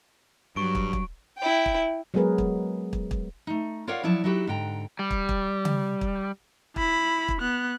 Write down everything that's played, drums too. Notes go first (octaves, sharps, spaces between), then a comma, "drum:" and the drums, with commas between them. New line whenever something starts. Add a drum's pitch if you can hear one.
G2 F#3 C#6 D7
drum: kick
drum: kick
E4 G5
drum: kick
F#3 G#3 B3 G#4 A#4 B4
drum: kick
drum: kick
drum: kick
A3 D#4
F4 A#4 C#5 D5 F5 F#5
F3 F#3 E4 C#5 D5 A5
F#3 D#4 E4 F#4 G4
G#2 D3 G5 A#5
G3
drum: kick
drum: kick
drum: tom C#3
drum: kick
E4 B5, drum: kick
drum: kick
B3 F#6